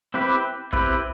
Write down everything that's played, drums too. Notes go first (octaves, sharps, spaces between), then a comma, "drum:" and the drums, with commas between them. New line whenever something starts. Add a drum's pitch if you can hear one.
C4 E4 G4 B4
C4 E4 G4 B4, drum: kick